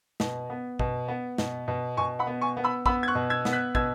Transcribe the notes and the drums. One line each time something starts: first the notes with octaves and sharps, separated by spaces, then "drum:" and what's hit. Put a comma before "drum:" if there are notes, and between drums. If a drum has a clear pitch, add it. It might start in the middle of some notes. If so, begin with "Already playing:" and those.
B2, drum: snare
B3
B2, drum: kick
B3
B2, drum: snare
B2
B2 G#5 C#6
F#5 B5
B3
G#5 C#6
B3
B5 E6
B3 B5 E6, drum: kick
G#6
C#6 F#6
B2
E6 G#6
B3, drum: snare
F#6 B6
B2 E6 G#6, drum: kick